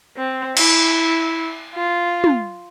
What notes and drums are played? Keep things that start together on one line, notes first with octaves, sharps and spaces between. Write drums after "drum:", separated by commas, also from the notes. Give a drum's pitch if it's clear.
C4
E4, drum: cymbal
F4
drum: tom